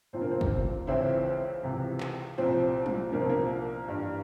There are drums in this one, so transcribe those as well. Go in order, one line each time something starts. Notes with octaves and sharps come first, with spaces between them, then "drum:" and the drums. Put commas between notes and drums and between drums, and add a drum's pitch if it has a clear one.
C2 A#2 F3 C4
A#3
C4
drum: kick
C#2 C#3 E3 C4 E4
C#2 C3 E3
drum: clap
C2 A#2 F3 C4
drum: tom F#3
C2 A#2 F3 A#3
C4
A#3
G2 E3